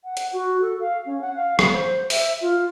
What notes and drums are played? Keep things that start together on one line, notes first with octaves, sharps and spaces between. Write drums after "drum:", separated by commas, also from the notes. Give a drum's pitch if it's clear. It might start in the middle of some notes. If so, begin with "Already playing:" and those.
F#5
drum: hi-hat
F#4
A4
F5
C#4
F#5
F5
B3, drum: rim click
C5
E5, drum: open hi-hat
F4